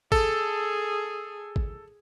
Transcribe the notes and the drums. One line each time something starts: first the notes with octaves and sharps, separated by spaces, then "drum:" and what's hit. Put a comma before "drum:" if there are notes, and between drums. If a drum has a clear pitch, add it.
G#4 A4, drum: kick
drum: kick